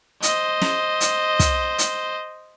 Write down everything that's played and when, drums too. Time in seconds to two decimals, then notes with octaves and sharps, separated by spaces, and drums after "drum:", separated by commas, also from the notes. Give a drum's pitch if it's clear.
0.23 C5 D#5, drum: hi-hat
0.62 drum: snare
1.01 drum: hi-hat
1.39 drum: kick, hi-hat
1.78 drum: hi-hat